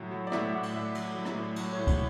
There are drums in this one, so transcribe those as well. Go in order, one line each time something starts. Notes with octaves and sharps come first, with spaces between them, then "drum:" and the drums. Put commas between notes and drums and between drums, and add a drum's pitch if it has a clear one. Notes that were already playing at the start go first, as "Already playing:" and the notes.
Already playing: A2 F#3
F#3
D5
A2 E5, drum: rim click
A2 F#5
drum: cymbal
A2 E5
F#3, drum: cymbal
F#3
drum: rim click
A2
F#3, drum: cymbal
C#5
A2
C#5, drum: kick, cymbal